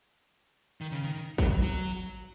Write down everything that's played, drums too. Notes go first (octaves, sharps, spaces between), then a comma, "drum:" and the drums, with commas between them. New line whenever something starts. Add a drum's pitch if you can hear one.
D#3
C#3
D#3
F#3, drum: kick
F#3